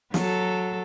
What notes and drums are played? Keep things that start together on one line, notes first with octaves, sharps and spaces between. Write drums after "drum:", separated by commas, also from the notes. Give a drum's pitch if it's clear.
F#3 A4, drum: snare